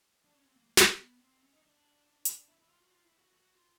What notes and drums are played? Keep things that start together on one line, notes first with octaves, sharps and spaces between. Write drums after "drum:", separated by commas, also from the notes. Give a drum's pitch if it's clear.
D4
C#4
C4
A#3
A#3
A#3, drum: snare
B3
C4
C#4
D#4
D4
drum: hi-hat
E4
E4
F4
F#4
F4
E4
F#4
F#4
F4